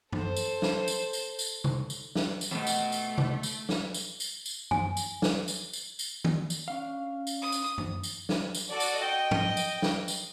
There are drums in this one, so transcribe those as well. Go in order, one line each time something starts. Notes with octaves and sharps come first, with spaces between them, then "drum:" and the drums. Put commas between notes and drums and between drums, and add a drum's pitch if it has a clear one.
A4 C5, drum: tom F#2
drum: tambourine
drum: snare
drum: tambourine
drum: tambourine
drum: tambourine
drum: tom C3
drum: tambourine
drum: snare
drum: tambourine
F2 B2 A3
drum: tambourine
drum: tambourine
drum: tom C3
drum: tambourine
drum: snare
drum: tambourine
drum: tambourine
drum: tambourine
G#5, drum: tom F#2
drum: tambourine
drum: snare
drum: tambourine
drum: tambourine
drum: tambourine
drum: tom D#3
drum: tambourine
C#4 D4 F5
drum: tambourine
D#6
drum: tambourine
drum: tom F#2
drum: tambourine
drum: snare
drum: tambourine
F#4 A4 D5
drum: tambourine
D#5 G5
drum: tom
drum: tambourine
drum: snare
drum: tambourine